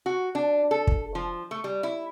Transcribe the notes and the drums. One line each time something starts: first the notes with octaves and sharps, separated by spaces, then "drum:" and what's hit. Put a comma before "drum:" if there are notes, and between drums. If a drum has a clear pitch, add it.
F#4
D4
A4
drum: kick
F3
A3
G3
E4